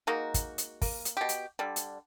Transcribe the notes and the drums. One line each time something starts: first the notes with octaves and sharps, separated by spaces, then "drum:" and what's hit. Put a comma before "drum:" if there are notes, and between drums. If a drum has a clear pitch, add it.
G#3 A#3 D#4 F#4
drum: kick, hi-hat
drum: hi-hat
A#3, drum: kick, open hi-hat
drum: hi-hat
B2 G4
drum: hi-hat
D3 G3
drum: hi-hat